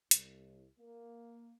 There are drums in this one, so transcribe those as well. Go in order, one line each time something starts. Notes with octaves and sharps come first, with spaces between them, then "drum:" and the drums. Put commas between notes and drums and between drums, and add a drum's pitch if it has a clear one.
C2, drum: hi-hat
A#3